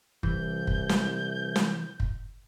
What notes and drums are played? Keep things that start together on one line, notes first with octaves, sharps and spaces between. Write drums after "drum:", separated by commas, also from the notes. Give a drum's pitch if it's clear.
C2 E3 G6, drum: kick
drum: kick
drum: snare
drum: snare
drum: kick